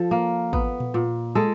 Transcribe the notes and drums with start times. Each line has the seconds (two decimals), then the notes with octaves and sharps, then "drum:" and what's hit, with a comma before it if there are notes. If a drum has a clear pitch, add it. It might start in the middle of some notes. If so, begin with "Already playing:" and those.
Already playing: F3 A4
0.11 A#3
0.53 B3, drum: kick
0.80 drum: tom A#2
0.94 A#2
1.35 G#3 A4